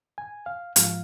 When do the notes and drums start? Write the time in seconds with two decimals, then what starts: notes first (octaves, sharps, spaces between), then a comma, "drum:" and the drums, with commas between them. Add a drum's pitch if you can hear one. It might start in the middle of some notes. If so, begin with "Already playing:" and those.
0.18 G#5
0.46 F5
0.76 G#2 F3 F5, drum: hi-hat